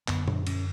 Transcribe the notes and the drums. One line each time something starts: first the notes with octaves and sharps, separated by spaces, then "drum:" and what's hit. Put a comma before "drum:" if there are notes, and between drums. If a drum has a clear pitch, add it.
F#2 D3 B3, drum: clap
D4, drum: tom A#2
C#4, drum: cymbal